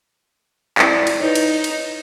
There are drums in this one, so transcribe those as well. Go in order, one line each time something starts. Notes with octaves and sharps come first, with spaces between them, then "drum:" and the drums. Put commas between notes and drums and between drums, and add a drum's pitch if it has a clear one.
E4 D5, drum: clap
drum: cymbal
D#4 B4 C#5
drum: cymbal
drum: cymbal